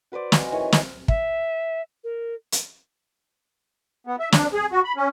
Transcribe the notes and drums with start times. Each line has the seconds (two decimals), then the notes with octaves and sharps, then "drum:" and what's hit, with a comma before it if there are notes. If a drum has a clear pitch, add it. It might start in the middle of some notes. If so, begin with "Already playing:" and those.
0.12 F#4 B4 C5 D5
0.32 F#4 D#5 G#5, drum: snare
0.52 D#3 E3 G#4 C#5
0.72 drum: snare
1.08 E5, drum: kick
2.04 A#4
2.52 drum: hi-hat
4.07 B3
4.20 E5
4.32 D4, drum: snare
4.53 G#4
4.72 F#4
4.84 B5
4.97 C#4